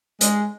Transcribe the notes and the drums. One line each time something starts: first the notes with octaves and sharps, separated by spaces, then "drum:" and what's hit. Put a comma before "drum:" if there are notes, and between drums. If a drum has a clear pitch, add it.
G#3, drum: hi-hat